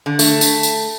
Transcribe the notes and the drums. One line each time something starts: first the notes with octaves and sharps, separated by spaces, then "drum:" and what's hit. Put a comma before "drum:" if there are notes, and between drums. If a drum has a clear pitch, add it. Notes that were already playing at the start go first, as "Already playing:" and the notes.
D3
A3, drum: tambourine
drum: tambourine
drum: tambourine